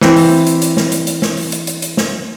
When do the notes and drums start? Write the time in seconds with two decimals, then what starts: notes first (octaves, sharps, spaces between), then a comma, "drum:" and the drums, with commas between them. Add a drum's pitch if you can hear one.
0.01 E3 C4, drum: snare
0.17 drum: open hi-hat
0.47 drum: hi-hat
0.62 drum: hi-hat
0.77 drum: snare
0.92 drum: hi-hat
1.07 drum: hi-hat
1.22 drum: snare
1.37 drum: open hi-hat
1.52 drum: hi-hat
1.67 drum: hi-hat
1.82 drum: hi-hat
1.97 drum: snare